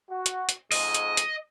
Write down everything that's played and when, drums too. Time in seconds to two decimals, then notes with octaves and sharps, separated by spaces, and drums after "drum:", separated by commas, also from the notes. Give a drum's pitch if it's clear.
0.10 F#4
0.26 drum: hi-hat
0.49 drum: hi-hat
0.72 F2 G#2 G#3 D#5, drum: open hi-hat
0.94 drum: hi-hat
1.17 drum: hi-hat